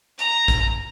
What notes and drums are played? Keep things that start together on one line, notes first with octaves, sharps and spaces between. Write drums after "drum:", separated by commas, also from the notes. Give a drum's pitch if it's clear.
A#5, drum: hi-hat
drum: kick, hi-hat